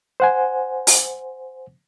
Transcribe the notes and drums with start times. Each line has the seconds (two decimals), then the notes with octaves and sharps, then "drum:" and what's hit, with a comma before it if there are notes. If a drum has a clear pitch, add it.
0.20 C5 F#5 G#5
0.87 drum: open hi-hat